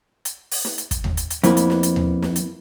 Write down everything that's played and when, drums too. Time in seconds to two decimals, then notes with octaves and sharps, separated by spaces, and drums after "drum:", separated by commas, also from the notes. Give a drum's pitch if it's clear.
0.25 drum: hi-hat
0.51 drum: open hi-hat
0.65 drum: snare
0.78 drum: hi-hat
0.91 drum: kick, hi-hat
1.04 drum: tom D#2
1.17 drum: hi-hat
1.30 drum: hi-hat
1.44 F2 A#3 B3 E4, drum: hi-hat
1.57 drum: hi-hat
1.70 drum: snare
1.83 drum: hi-hat
1.96 drum: tom D#2
2.22 drum: snare
2.36 drum: hi-hat